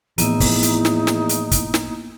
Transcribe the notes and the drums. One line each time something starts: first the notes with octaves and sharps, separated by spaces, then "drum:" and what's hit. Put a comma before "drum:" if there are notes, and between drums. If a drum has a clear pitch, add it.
E2 A2 E3 F3 A#3 B3 D#4 E4, drum: hi-hat
drum: kick, open hi-hat
drum: hi-hat
drum: snare
drum: snare
drum: hi-hat
drum: kick, hi-hat
drum: snare